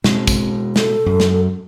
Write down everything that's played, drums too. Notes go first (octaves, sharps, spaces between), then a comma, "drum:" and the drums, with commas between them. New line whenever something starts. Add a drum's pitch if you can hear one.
B2 G#3 C4, drum: snare
drum: kick, tambourine
A4, drum: snare
F#2
drum: snare